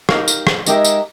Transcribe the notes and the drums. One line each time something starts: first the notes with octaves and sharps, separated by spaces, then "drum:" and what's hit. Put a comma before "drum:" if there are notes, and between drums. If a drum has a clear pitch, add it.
D#4 G4 A#4 F5, drum: rim click
drum: tambourine
drum: rim click
G#3 D#4 G4 G#4 A#4 E5, drum: tambourine
drum: tambourine